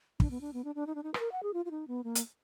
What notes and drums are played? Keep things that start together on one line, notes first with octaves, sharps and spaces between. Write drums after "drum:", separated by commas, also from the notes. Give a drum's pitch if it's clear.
D4, drum: kick
B3
D4
B3
D4
D4
D#4
D4
D#4
B4, drum: rim click
A#4
F#5
G#4
F4
F4
D#4
B3
A#3
drum: hi-hat